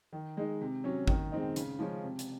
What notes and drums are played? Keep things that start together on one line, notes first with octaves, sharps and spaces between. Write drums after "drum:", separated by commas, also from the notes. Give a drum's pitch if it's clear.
D#3
G#3 D#4
C3
F#3 C#4
D#3, drum: kick
G#3 C4 D#4
C#3, drum: hi-hat
F3 G#3 C#4
C3
drum: hi-hat